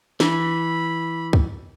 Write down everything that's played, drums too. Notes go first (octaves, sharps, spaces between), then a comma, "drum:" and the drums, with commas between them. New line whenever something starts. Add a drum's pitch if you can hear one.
E3 B5, drum: snare
drum: kick